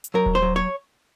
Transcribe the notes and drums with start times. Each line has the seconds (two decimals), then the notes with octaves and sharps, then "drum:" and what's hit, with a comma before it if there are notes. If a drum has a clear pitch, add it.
0.04 drum: hi-hat
0.14 F#3 A#4
0.26 drum: kick D#1
0.35 C5
0.42 F#3
0.56 C#5